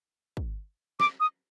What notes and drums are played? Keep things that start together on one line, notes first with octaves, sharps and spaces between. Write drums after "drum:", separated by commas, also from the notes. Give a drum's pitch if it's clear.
drum: kick
D6, drum: snare
D#6